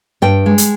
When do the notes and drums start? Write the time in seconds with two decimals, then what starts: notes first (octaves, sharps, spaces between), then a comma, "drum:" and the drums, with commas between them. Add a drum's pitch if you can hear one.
0.22 G2 G5
0.46 G#3
0.58 drum: hi-hat